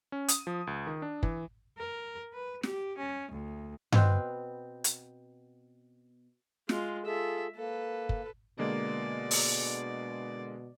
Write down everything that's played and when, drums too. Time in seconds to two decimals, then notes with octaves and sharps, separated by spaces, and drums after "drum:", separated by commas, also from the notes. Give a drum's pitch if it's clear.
0.12 C#4
0.28 D#6, drum: hi-hat
0.47 F3
0.67 C#2
0.87 D#3
1.02 D4
1.23 E3, drum: kick
1.78 A#4
2.33 B4
2.63 G4, drum: snare
2.98 C#4
3.32 D2
3.92 B2 B3 C4, drum: tom G2
4.84 drum: hi-hat
6.69 G#3 F4, drum: snare
7.05 F4 G#4 A4 E5
7.56 A#3 A4 B4
8.09 drum: kick
8.59 B2 D3 G#3 A#3 D5
9.31 drum: open hi-hat